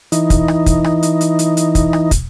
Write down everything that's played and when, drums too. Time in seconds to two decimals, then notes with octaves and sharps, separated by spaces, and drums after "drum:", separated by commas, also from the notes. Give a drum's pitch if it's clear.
0.12 E3 D#4, drum: hi-hat
0.30 drum: kick, hi-hat
0.48 drum: rim click
0.66 drum: kick, hi-hat
0.84 drum: rim click
1.03 drum: hi-hat
1.21 drum: hi-hat
1.39 drum: hi-hat
1.57 drum: hi-hat
1.75 drum: kick, hi-hat
1.93 drum: rim click
2.11 drum: kick, hi-hat